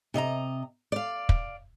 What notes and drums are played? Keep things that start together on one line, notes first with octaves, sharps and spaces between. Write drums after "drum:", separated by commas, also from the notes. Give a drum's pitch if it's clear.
C3 D#5 E5 A#5
D5 F5
drum: kick